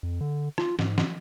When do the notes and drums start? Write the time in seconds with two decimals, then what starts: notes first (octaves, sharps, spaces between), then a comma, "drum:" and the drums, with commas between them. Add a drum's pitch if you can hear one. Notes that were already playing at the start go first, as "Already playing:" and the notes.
0.03 F2
0.21 D3
0.58 F4, drum: rim click
0.79 G#2, drum: snare
0.98 drum: snare